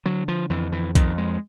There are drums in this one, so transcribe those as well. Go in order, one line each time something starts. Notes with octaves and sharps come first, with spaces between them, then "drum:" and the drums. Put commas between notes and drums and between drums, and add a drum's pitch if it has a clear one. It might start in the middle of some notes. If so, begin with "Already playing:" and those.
D3 F#3
F3
F2 E3
E3
F2 D#3, drum: kick B1, hi-hat
G#3